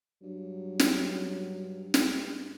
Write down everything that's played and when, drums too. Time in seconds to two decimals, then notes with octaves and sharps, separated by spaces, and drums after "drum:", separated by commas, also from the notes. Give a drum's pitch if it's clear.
0.22 G2 F#3
0.79 drum: snare
1.94 drum: snare